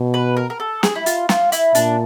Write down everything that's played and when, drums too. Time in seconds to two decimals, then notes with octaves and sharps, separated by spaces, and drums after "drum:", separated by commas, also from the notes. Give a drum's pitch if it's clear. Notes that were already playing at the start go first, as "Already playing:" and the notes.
Already playing: B2
0.14 B4
0.37 A#4
0.50 A#4
0.60 A4
0.83 G#4, drum: snare
0.95 E4
1.06 F4, drum: hi-hat
1.29 F4, drum: snare
1.52 E4, drum: hi-hat
1.75 A#2 D4, drum: hi-hat